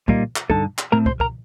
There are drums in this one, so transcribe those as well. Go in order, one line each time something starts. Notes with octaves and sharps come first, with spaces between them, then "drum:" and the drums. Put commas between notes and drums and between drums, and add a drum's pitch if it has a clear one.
A#2 G3 A#3 D#4, drum: kick
drum: clap
G2 D3 A3 D#4 A4 A5, drum: kick
drum: clap
A2 A3 C4 A#4 A#5
C5 C6, drum: kick
A#4 A#5, drum: kick